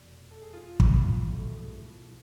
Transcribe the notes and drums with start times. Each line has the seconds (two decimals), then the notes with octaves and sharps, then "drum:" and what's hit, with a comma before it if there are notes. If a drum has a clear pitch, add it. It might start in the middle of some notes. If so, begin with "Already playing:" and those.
Already playing: F1 E2 B2 D5
0.31 A4
0.42 G#4
0.53 F4
0.80 drum: kick
0.93 F4
1.32 C2 B2 A3
1.62 G#3
1.72 F3
2.05 F3